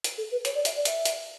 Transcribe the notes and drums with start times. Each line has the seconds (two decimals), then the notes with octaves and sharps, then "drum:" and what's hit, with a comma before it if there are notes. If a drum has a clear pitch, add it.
0.04 drum: hi-hat
0.18 A4
0.31 B4
0.45 C#5, drum: hi-hat
0.55 D5
0.65 E5, drum: hi-hat
0.75 D5
0.85 E5, drum: hi-hat
1.05 drum: hi-hat